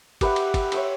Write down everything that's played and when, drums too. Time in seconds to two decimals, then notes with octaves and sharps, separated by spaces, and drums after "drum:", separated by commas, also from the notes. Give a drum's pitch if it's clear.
0.21 G4 B4 E5 F#5, drum: kick, cymbal
0.36 drum: cymbal
0.54 drum: kick, cymbal
0.72 C#5 E5 C6, drum: cymbal